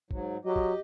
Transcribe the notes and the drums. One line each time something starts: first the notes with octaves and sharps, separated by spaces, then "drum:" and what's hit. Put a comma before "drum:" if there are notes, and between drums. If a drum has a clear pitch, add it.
G#2 F#3, drum: kick
F#3 G4 D#5
drum: kick